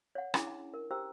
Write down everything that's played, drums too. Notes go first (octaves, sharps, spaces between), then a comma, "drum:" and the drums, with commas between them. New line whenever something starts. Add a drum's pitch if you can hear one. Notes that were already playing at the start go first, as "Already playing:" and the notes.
C#5 F#5
C#4 D4 E4 G#4, drum: rim click
A5
A#4
G4 C5 G5 A#5 E6